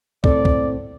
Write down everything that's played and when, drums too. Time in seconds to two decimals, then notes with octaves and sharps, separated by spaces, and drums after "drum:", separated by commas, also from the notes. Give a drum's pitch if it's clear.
0.24 A2 C4 A4 D5, drum: kick
0.45 drum: kick